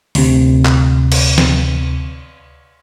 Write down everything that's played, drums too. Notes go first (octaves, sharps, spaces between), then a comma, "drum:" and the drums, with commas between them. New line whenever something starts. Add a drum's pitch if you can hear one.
D2 C3, drum: open hi-hat
drum: clap
drum: cymbal
drum: snare